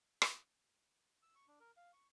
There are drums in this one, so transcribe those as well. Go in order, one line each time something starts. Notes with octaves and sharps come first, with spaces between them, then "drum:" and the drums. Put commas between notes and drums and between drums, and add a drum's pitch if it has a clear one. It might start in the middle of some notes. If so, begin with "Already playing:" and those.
drum: rim click
E6
C#6
D4
A#4
F5
C#6